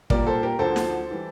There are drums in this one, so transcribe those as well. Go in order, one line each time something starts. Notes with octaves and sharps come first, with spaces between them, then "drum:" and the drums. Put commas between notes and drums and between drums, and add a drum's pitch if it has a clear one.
A#2 G3 A#3 A#4 D5, drum: kick
A4 C5
G4 A#4
D2 D3 F3 A4 C5
drum: snare
E3 G3